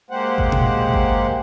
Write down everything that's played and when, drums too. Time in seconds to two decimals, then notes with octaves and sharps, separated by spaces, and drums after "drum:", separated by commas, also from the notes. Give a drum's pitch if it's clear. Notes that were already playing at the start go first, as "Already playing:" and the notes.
0.10 G#3 A#3 G4 C5 F#5
0.38 drum: kick G#1
0.52 drum: tom A#2
0.94 drum: kick G#1